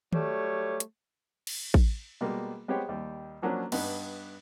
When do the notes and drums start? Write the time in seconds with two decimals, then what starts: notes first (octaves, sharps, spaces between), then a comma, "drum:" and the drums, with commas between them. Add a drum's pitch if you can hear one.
0.13 F#3 G3 A3 C#5, drum: tom D#3
0.80 drum: hi-hat
1.47 drum: cymbal
1.74 drum: kick A1
2.21 B2 G3 G#3 A#3
2.68 G#3 B3 G4 C5 C#5 G5
2.89 D#2 G3
3.42 F3 F#3 A#3 C#4 D4
3.72 G2 B3 D4 D#4, drum: cymbal